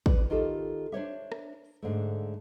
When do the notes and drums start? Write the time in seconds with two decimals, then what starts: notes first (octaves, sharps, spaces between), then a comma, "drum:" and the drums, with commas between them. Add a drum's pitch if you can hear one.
0.06 B4 D5, drum: kick
0.30 D#3 F4 G4 A4
0.92 D4 C5 C#5 E5
1.32 drum: rim click
1.82 G#2 D3 A3